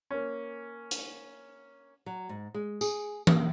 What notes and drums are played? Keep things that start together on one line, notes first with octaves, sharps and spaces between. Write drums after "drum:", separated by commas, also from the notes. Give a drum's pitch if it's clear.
A#3 C#4
drum: hi-hat
F#3
G#2
G#3
G#4, drum: tambourine
A#3, drum: tom E3